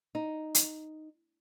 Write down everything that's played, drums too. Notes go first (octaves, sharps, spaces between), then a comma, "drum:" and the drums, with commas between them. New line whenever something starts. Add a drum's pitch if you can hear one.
D#4
drum: hi-hat